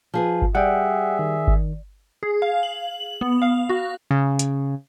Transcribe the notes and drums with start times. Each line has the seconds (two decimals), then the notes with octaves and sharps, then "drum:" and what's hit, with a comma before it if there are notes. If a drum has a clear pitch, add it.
0.14 F3 G#4 B4
0.42 drum: kick G1
0.55 G3 G#4 E5 F#5 G5
1.19 D#3
1.47 drum: kick G1
2.23 G#4
2.42 F5
2.63 F#7
3.21 B3
3.42 F5
3.69 F#4
4.11 C#3
4.39 drum: hi-hat